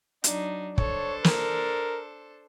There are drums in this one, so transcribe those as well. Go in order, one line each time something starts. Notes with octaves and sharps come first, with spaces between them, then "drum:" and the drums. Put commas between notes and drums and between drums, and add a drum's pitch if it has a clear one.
F#3 D4 D#4, drum: hi-hat
D4 A4 C5 C#5, drum: kick
A#4, drum: snare